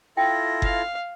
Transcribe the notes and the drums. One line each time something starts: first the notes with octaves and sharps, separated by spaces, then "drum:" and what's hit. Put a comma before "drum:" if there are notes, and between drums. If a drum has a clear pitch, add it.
E4 F4 A4 G5 A#6
F5, drum: kick F#1